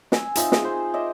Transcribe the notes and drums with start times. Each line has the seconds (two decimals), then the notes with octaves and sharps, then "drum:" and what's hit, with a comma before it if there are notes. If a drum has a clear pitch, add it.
0.12 G#5 E6, drum: snare
0.35 C4 D#4 F4 E5, drum: hi-hat
0.52 G#4, drum: snare
0.65 C5
0.94 D#5 E5 D6